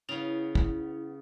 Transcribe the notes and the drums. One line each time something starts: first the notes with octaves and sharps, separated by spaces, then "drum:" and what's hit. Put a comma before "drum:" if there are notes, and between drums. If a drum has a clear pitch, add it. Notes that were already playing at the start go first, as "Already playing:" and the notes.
C#3 B3 E4 F7
drum: kick